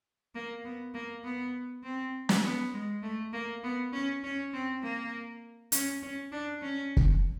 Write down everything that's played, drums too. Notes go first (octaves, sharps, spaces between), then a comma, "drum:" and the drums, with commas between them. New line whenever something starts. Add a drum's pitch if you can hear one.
A#3
B3
A#3
B3
C4
drum: snare
B3
G#3
A3
A#3
B3
C#4
C#4
C4
A#3
C#4, drum: hi-hat
C#4
D4
C#4
drum: kick